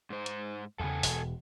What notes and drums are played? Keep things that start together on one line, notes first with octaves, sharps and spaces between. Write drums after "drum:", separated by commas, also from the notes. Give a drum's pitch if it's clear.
G#2 C5
drum: hi-hat
E2 C#3 A4 F#5 G#5
E1, drum: open hi-hat